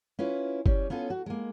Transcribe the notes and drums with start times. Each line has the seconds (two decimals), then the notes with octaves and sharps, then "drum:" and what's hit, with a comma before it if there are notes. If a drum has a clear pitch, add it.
0.19 C#4 E4 F4 B4
0.66 G3 C#4, drum: kick F#1
0.90 B3 C#4 F4 A4
1.10 F#4
1.26 G#3 A#3